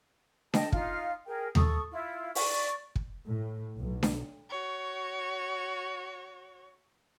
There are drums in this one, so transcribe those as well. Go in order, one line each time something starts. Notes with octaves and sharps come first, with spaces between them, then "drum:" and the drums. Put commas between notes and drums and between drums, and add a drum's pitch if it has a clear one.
D#5 G5 A5, drum: snare D4
D#4 F4 F5 F6, drum: kick
G#4 A#4 G5
A4 C#6 D#6, drum: tom D#2
E4 F4
D5 C#6, drum: open hi-hat
drum: kick
A2
B1
drum: snare D4
F#4 C#5